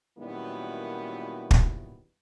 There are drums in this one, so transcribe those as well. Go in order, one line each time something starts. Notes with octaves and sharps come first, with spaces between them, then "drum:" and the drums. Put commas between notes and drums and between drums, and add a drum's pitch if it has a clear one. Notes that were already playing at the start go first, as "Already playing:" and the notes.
F#2 A#2 D#3 G3 B3 E4
drum: kick